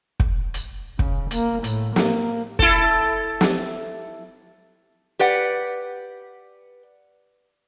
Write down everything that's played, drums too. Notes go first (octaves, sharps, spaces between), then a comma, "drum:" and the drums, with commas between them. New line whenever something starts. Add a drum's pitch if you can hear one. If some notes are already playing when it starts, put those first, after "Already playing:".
drum: kick
drum: hi-hat
C#3, drum: kick
A#3, drum: hi-hat
A2, drum: hi-hat
A#3, drum: snare
E4 A4, drum: kick
drum: snare
G4 B4 D5 F#5